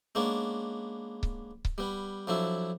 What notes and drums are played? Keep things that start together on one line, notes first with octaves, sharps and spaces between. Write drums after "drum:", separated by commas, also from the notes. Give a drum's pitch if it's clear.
G#3 A#3 B3 C#4 D4
drum: kick C#1
drum: kick C#1
G3 B3
F2 F#3 D4 E4